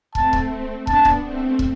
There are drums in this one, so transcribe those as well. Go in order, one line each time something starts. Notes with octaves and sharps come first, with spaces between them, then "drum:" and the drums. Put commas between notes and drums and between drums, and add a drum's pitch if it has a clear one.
A3 C4 A5, drum: kick
drum: kick
B3 D4 A5, drum: kick
drum: kick
A3 C4
drum: kick